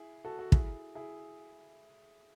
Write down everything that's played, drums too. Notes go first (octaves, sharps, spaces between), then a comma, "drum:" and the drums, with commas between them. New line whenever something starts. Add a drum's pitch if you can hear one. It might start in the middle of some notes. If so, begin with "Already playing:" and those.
Already playing: E4 G#4
F#4 A4
F#4 A4
E4 G#4, drum: kick
E4 G#4